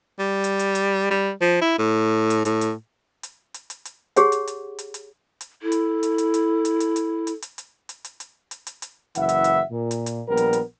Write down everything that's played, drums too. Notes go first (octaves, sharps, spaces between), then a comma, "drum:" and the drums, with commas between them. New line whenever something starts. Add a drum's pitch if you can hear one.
G3
drum: hi-hat
drum: hi-hat
drum: hi-hat
G3
F3
E4
A2
drum: hi-hat
A2, drum: hi-hat
drum: hi-hat
drum: hi-hat
drum: hi-hat
drum: hi-hat
drum: hi-hat
G4 G#4 C#5 F#5, drum: hi-hat
drum: hi-hat
drum: hi-hat
drum: hi-hat
drum: hi-hat
drum: hi-hat
E4 A4
drum: hi-hat
drum: hi-hat
drum: hi-hat
drum: hi-hat
drum: hi-hat
drum: hi-hat
drum: hi-hat
drum: hi-hat
drum: hi-hat
drum: hi-hat
drum: hi-hat
drum: hi-hat
drum: hi-hat
drum: hi-hat
drum: hi-hat
drum: hi-hat
F#1 E3 E5 F#5, drum: hi-hat
drum: hi-hat
drum: hi-hat
A#2
drum: hi-hat
drum: hi-hat
A#1 G3 B3 A#4
drum: hi-hat
drum: hi-hat